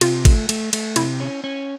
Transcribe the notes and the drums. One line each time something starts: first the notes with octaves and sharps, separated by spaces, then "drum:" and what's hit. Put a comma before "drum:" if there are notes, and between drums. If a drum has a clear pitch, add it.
C3 F4, drum: cymbal
A3, drum: kick, cymbal
A3, drum: cymbal
A3, drum: cymbal
C3 E4, drum: cymbal
C#4
C#4